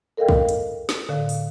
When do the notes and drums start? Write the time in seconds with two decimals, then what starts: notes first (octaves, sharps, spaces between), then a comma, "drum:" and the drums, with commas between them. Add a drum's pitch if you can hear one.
0.17 A4 A#4 D#5 F5 G5
0.29 drum: kick
0.49 drum: hi-hat
0.89 drum: snare
1.09 A2 D3 F5
1.29 drum: open hi-hat